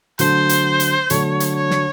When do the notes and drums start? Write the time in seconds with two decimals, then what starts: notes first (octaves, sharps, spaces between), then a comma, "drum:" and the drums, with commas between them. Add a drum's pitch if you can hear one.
0.19 D3 F#3 A3 D4 C5, drum: hi-hat
0.49 drum: hi-hat
0.80 drum: hi-hat
1.10 D3 F#3 A3 D4 C#5, drum: hi-hat
1.40 drum: hi-hat
1.55 C#5
1.71 drum: snare